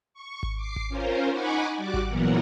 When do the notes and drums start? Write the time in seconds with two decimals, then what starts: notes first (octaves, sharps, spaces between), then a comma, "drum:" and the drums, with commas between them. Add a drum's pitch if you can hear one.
0.14 C#6
0.43 drum: kick G#1
0.56 D6 C7
0.76 drum: kick G#1
0.89 C#4 F4 A#4 C5
1.31 D#4 F#5 G#5 B5 C#6 D6
1.77 G3 F#4 D5 D6 F#6
1.94 drum: kick G#1
2.08 A#2 E3 F#3 B3 A#4 F#5